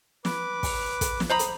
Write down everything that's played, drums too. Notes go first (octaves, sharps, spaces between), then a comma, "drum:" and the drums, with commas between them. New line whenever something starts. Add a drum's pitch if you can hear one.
B4 D6, drum: snare
drum: kick, open hi-hat
drum: kick, hi-hat
drum: snare
C5 A#5 B5 D#6
drum: hi-hat